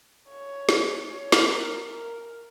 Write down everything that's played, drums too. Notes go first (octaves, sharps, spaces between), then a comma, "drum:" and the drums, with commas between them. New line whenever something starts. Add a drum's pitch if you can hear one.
C#5
drum: snare
C#5
drum: snare
A#4
A#4